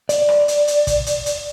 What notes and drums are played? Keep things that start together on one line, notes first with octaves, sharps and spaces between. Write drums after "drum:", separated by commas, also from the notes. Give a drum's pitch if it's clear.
D5, drum: hi-hat
drum: rim click
drum: hi-hat
drum: hi-hat
drum: kick, hi-hat
drum: hi-hat
drum: hi-hat